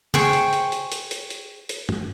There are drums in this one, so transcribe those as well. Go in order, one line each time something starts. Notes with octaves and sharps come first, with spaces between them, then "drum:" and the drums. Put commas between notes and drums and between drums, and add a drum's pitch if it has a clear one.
G#4 C5 G5 C#6, drum: tom
drum: hi-hat
drum: hi-hat
drum: hi-hat
drum: hi-hat
drum: hi-hat
drum: hi-hat
drum: hi-hat
drum: tom G2